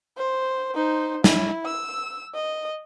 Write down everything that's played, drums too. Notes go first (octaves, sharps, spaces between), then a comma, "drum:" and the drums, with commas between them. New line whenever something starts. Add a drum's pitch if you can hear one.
C5
D#4 C5
E4, drum: snare
E6
D#5